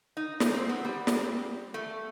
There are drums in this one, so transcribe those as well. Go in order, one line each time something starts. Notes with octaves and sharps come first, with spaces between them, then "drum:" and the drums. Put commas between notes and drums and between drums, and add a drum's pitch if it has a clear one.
D#4
D#4, drum: snare
C4
B3
G3
drum: snare
A3